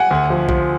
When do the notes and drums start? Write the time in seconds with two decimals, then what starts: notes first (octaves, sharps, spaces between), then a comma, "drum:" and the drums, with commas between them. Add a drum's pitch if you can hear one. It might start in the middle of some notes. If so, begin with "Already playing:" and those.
Already playing: F#5 G#5
0.11 D2
0.30 F3
0.49 F3, drum: kick B1